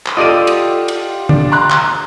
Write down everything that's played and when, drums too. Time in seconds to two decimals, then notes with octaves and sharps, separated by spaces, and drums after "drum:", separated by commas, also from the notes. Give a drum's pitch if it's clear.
0.06 drum: clap
0.17 F4 G4 A4 D5 D#5 D#7
0.47 drum: cymbal
0.88 drum: cymbal
1.29 D4, drum: tom
1.52 A#5 C6 F#6
1.70 drum: clap